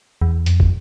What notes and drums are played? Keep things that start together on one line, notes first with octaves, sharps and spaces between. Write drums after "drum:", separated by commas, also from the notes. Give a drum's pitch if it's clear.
E2
F2, drum: hi-hat
drum: kick